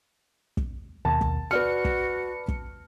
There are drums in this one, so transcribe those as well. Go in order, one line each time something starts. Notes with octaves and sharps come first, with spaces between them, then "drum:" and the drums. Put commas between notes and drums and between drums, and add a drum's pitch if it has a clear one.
drum: kick
D#2 B2 A5
drum: kick
F#4 B4 D5 F6 C#7
drum: kick
drum: kick